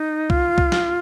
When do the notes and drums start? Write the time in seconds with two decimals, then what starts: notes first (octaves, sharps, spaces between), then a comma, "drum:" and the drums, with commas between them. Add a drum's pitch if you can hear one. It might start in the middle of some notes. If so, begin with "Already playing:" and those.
Already playing: D#4
0.30 F4, drum: kick C2
0.58 drum: kick C2
0.72 drum: snare